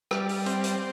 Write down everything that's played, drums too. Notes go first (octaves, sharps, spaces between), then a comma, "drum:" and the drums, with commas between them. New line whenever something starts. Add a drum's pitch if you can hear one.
G3, drum: rim click
drum: open hi-hat
C4, drum: hi-hat
drum: hi-hat